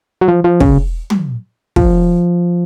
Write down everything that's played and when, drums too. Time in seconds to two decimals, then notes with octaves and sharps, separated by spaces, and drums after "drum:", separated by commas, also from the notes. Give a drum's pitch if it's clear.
0.21 F#3
0.28 F3
0.44 F3
0.60 C#3, drum: kick
1.10 drum: tom
1.76 F3, drum: kick